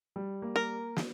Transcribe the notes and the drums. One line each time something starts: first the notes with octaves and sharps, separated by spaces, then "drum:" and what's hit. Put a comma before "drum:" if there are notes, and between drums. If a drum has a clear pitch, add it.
G3
A#3
A#4
drum: snare